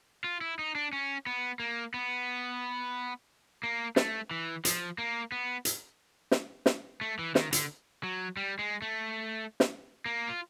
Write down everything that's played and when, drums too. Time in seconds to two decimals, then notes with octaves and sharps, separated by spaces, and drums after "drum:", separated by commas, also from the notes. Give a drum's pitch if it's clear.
0.24 F4
0.41 E4
0.59 D#4
0.75 D4
0.93 C#4
1.27 B3
1.60 A#3
1.94 B3
3.63 A#3
3.96 A3, drum: snare
4.31 E3
4.65 F3, drum: hi-hat
4.98 A#3
5.32 B3
5.65 drum: hi-hat
6.31 drum: snare
6.66 drum: snare
7.01 A3
7.19 E3
7.35 D#3, drum: snare
7.53 D3, drum: hi-hat
8.03 F#3
8.37 G3
8.59 G#3
8.82 A3
9.60 drum: snare
10.06 A#3
10.29 F4